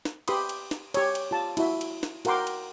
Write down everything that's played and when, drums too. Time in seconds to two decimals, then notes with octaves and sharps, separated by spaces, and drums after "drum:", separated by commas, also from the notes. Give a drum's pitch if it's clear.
0.05 drum: snare
0.28 G4 B4 B5 C6 D#6, drum: cymbal
0.49 drum: cymbal
0.71 drum: snare
0.94 G4 C#5, drum: cymbal
1.15 drum: cymbal
1.31 F4 G4 A5
1.57 E4 F#4 E5, drum: cymbal
1.81 drum: cymbal
2.03 drum: snare
2.25 F#4 A#4 F#5 G5 C6 D6, drum: cymbal
2.47 drum: cymbal